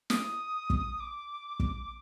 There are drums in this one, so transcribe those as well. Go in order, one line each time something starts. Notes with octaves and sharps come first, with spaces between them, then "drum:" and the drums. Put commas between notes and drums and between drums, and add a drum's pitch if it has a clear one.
D#6, drum: snare
drum: kick
D6
drum: kick